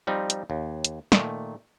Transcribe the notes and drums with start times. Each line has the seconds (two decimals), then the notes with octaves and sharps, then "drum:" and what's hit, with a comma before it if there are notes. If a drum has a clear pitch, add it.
0.07 F3 G3 C4 D#4
0.30 drum: hi-hat
0.50 D#2
0.85 drum: hi-hat
1.12 A#2 D#3 A3, drum: snare